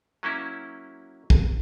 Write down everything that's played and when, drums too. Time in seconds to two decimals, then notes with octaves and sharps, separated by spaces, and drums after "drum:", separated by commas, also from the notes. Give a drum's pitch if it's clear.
0.23 F#3 A#3 C#4 E4
1.30 drum: kick